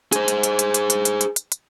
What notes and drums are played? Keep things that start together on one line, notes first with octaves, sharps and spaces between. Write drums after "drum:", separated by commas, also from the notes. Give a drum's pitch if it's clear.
G#4 C5, drum: hi-hat
drum: hi-hat
drum: hi-hat
drum: hi-hat
drum: hi-hat
drum: hi-hat
drum: hi-hat
drum: hi-hat
drum: hi-hat
drum: hi-hat